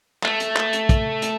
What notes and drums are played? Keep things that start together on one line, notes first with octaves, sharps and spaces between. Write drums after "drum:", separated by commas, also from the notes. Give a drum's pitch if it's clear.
A3, drum: clap
drum: hi-hat
drum: clap
drum: hi-hat
drum: kick, hi-hat
drum: hi-hat